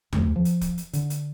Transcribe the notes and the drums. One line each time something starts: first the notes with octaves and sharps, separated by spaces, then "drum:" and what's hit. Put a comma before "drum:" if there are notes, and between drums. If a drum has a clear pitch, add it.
D2, drum: tom E2
F3
drum: hi-hat
drum: kick, hi-hat
drum: hi-hat
D3, drum: hi-hat
drum: hi-hat